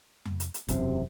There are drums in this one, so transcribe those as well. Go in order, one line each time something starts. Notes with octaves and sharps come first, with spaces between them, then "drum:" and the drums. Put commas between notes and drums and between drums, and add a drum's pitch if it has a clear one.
drum: tom F2
drum: hi-hat
drum: hi-hat
E1 F#2 C3, drum: kick, hi-hat